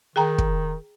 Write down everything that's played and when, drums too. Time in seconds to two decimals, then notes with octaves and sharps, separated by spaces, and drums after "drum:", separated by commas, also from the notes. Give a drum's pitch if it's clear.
0.16 D#3 G#4 G5 A#5
0.38 drum: kick